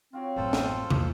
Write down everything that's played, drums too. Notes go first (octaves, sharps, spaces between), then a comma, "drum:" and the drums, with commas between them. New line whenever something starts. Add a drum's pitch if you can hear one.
C4 F4 F#4 C#5
A1 F#2 F4 A4 A#4 C5
drum: snare
E2 A#2, drum: tom